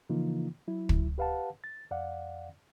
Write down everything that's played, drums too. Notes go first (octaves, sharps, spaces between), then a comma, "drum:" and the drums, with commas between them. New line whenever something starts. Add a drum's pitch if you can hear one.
C#3 E3 F3 A#3 D#4 F4
F#3 E4
drum: kick
G4 B4 F5 F#5 A5
A6
F2 D5 F5 F#5